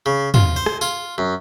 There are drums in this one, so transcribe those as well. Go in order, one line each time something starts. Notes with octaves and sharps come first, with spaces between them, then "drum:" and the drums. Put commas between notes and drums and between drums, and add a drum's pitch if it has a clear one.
C#3
F4, drum: tom
C5
drum: rim click
F4, drum: tambourine
F#2